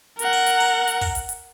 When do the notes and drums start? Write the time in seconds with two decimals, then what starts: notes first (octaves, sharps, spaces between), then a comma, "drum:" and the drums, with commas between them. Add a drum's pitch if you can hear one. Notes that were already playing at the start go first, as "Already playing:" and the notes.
0.19 A#4 F#5, drum: hi-hat
0.33 drum: open hi-hat
0.46 drum: hi-hat
0.60 drum: open hi-hat
0.88 drum: hi-hat
1.01 drum: kick, open hi-hat
1.15 drum: hi-hat
1.29 drum: hi-hat